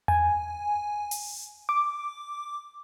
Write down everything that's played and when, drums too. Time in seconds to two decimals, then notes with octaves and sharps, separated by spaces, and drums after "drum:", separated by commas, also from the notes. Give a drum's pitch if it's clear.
0.08 G#5, drum: tom E2
1.11 drum: open hi-hat
1.69 D6